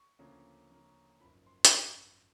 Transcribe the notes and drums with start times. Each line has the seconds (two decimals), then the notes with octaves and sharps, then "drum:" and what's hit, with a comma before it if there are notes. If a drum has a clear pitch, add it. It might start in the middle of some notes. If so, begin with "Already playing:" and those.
Already playing: C#6
0.19 D2 C#3 F3 A#3 C#4
0.70 D2 C#3 F3 A#3 C#4
1.20 G#1 F#2 C#3 F3 B5
1.46 C6
1.65 drum: hi-hat